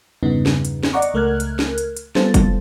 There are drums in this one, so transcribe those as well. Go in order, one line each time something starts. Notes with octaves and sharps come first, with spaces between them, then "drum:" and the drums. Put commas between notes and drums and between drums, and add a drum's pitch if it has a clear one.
E2 G2 C#3 B3 D#4
drum: snare
drum: hi-hat
drum: snare
D5 D#5 F#5 A#5 C#6 D6
drum: hi-hat
C#2 A3 A#4 F6 F#6 G#6
drum: hi-hat
drum: snare
drum: hi-hat
drum: hi-hat
G3 B3 F4 A4 C5 A6, drum: snare
drum: kick, hi-hat